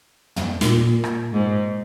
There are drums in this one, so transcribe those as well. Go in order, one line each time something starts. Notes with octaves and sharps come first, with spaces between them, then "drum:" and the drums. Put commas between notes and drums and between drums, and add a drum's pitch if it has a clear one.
drum: tom
A#2, drum: snare
drum: rim click
G#2